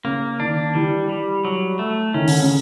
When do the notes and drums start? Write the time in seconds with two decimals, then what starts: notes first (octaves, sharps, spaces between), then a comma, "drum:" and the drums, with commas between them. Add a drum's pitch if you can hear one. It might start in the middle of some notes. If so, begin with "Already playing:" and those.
0.04 C#3 A#3
0.40 D#3 D4
0.75 E3 G3
1.09 G3
1.45 F#3
1.79 A3
2.14 D#3 C#4
2.28 D3, drum: open hi-hat
2.40 C#3